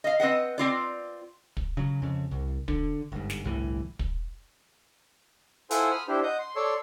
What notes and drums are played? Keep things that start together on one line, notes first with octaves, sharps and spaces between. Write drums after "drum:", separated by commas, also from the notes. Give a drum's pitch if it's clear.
D#5 F5
C4 B4 D#5 F#5
C4 F4 D5
drum: kick
C#3 F#3
F2 C#3
C2
D3, drum: kick
G1 G#2
drum: snare
G1 C2 A2 E3
drum: kick
E4 F4 A4 C5 F#5 G#5, drum: hi-hat
B5 D#6 F6
D4 E4 G4 C5
D#5 F#5 G6
C6
A4 C#5 D5 C6 C#6 E6